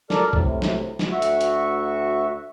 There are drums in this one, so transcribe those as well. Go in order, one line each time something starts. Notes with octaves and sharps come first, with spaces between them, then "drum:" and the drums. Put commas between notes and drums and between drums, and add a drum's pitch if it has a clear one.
A4 A#4 D5 F6, drum: snare
A2 C3, drum: kick B1
drum: snare
drum: snare
D2 F#4 E5 C#6
drum: hi-hat
drum: hi-hat